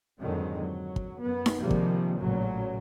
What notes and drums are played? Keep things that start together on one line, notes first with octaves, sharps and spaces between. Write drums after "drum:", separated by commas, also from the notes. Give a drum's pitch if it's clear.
F2 G#2 D3 D#3 F#3 G#3
F#3
drum: kick
F#2 B3
drum: snare D#4
C3 D#3 F3 G3 G#3 A#3
drum: kick
A1 A#2 C#3 F#3